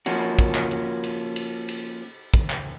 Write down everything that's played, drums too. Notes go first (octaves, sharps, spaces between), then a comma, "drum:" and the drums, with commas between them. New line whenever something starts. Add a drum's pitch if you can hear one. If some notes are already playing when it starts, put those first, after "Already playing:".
F3 A#3 C#4 F#4, drum: cymbal
drum: kick, cymbal
drum: clap
drum: cymbal
drum: cymbal
drum: cymbal
drum: cymbal
drum: kick, cymbal
drum: clap